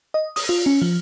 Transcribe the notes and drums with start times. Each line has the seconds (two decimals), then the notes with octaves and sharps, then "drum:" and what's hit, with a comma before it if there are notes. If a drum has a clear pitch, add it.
0.14 D#5
0.36 D#6, drum: open hi-hat
0.49 F4
0.66 C#4
0.82 F3